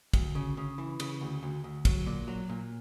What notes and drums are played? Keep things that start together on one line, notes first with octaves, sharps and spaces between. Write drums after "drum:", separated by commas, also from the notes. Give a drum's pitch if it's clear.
D2, drum: kick, cymbal
C#3
C#3
E3
C#3, drum: cymbal
D2
D2
D2
F#3, drum: kick, cymbal
A#2
F#3
A#2